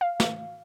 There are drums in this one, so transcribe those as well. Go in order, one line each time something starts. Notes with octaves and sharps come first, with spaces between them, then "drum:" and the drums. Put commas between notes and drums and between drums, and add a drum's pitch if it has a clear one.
F5
drum: snare